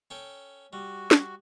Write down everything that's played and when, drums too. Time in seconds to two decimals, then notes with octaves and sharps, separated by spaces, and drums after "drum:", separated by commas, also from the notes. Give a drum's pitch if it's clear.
0.11 C#4 A4 G5
0.73 G3 F#4
1.11 drum: snare